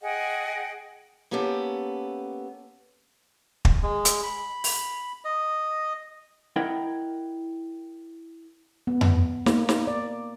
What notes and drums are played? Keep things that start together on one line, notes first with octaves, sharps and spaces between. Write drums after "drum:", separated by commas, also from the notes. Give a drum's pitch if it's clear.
G#4 D#5 F#5 G5
A#3 B3 C#4 G4 A4
drum: kick
G#3
drum: hi-hat
B5
drum: open hi-hat
D#5
E4 A#4 D#5 F#5 G5
B3
drum: tom F2
A#3, drum: snare
drum: snare
D5